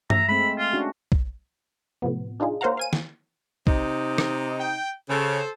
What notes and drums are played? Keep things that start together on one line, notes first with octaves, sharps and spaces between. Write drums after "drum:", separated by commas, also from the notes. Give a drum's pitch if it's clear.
E5 A#5, drum: tom G2
G#3 A3 C4 B5
F4
C#4 D4 F#4
drum: kick
A2 C3 F3 B3
D4 D#4 F4 G#4
A#3 C5 C#5 F5 F#5 A#5
F5 G#5 D#7
drum: snare
C3 D#4, drum: kick
drum: rim click
G5
C#3 A4 C5